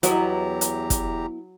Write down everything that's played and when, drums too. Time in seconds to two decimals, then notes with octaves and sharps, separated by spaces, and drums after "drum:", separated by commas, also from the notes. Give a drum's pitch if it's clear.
0.03 E2 F#3 B3 E4 G4 D#5 A#5, drum: hi-hat
0.61 drum: hi-hat
0.90 drum: kick, hi-hat